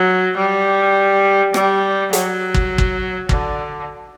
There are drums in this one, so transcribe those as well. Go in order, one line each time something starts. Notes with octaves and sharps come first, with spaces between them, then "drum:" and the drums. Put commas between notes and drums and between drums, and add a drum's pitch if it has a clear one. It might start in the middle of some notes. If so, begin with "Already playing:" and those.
Already playing: F#3
G3
G3, drum: rim click
F#3, drum: hi-hat
drum: kick
drum: kick
D3, drum: kick